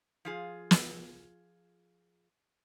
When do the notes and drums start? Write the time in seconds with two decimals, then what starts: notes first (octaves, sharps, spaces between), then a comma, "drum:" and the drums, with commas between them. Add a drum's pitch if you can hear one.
0.25 F3 F4 G#4
0.71 drum: snare